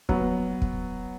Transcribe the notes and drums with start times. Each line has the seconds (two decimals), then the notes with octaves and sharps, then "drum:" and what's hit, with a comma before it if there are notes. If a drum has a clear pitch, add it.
0.09 F#3 B3, drum: kick
0.62 drum: kick